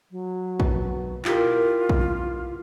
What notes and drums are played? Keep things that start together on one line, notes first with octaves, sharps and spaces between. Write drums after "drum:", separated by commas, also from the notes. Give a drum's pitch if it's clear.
F#3
B2, drum: kick A#1
E4 F4 G4 A#4, drum: clap
drum: kick A#1